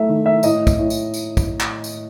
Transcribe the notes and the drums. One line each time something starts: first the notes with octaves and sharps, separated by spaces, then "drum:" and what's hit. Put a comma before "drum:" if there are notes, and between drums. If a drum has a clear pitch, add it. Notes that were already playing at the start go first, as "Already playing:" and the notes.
Already playing: A3 E5
D#3
E5
A2 D#5, drum: tambourine
drum: kick, tambourine
A2
drum: tambourine
drum: tambourine
drum: kick, tambourine
drum: clap
drum: tambourine